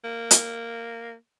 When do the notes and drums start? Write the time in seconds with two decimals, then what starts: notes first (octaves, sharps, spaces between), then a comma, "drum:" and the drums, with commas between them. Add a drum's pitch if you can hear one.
0.04 A#3
0.31 drum: hi-hat